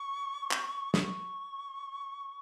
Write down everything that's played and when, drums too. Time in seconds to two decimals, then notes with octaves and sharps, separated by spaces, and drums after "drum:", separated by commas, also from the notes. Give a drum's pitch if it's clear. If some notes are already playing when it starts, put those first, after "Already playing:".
Already playing: C#6
0.51 drum: clap
0.94 D#6, drum: snare
1.02 C#6